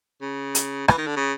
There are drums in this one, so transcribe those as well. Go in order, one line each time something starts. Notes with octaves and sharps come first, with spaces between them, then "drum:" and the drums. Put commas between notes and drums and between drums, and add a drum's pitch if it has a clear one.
C#3
drum: hi-hat
E3, drum: rim click
D#3
D3
C#3